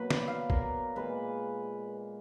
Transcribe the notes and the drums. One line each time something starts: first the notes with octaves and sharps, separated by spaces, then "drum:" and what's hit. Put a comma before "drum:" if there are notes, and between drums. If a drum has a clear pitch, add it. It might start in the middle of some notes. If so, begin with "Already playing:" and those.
Already playing: B2 F#3 A#3 B4
D5, drum: snare
F5
A#4, drum: kick
A#2 G#3 B4